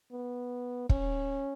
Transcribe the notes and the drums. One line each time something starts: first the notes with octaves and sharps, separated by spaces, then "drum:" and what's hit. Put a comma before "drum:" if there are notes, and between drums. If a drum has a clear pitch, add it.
B3
C#4, drum: kick